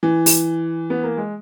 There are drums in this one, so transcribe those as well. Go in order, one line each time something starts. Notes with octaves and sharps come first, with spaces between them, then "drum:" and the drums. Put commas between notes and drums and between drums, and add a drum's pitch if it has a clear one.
E3
drum: open hi-hat
B3
A#3
G#3